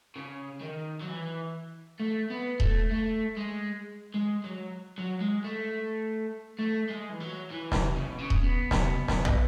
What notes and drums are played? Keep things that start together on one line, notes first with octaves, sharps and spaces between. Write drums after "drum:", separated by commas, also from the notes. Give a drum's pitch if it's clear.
C#3
D#3
F#3
E3
A3
B3
A3, drum: kick D#1
A3
G#3
G#3
F#3
F#3
G#3
A3
A3
G#3
E3
F#3
E3
drum: snare
C#3
B2
C#3
drum: kick D#1
B3
drum: snare
drum: snare
drum: tom